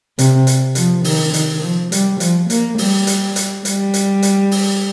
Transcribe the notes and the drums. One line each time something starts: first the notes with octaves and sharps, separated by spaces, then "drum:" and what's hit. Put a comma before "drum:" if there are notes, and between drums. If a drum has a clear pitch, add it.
C3, drum: hi-hat
drum: hi-hat
F3, drum: hi-hat
D#3, drum: open hi-hat
D#3, drum: hi-hat
F3
G3, drum: hi-hat
F3, drum: hi-hat
A#3, drum: hi-hat
G3, drum: open hi-hat
drum: hi-hat
drum: hi-hat
G3, drum: hi-hat
drum: hi-hat
drum: hi-hat
drum: open hi-hat